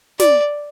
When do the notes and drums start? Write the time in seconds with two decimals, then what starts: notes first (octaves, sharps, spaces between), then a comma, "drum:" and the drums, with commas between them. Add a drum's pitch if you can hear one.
0.20 D5, drum: snare